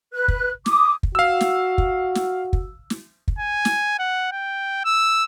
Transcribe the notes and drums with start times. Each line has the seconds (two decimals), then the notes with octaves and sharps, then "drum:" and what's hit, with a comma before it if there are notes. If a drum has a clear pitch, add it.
0.13 B4 F#6
0.28 drum: kick
0.66 D6 D#6, drum: snare
1.03 drum: kick
1.15 F#4 F5 E6
1.41 drum: snare
1.78 drum: kick
2.15 drum: snare
2.53 drum: kick
2.90 drum: snare
3.28 drum: kick
3.39 G#5
3.65 drum: snare
3.99 F#5
4.32 G5
4.85 E6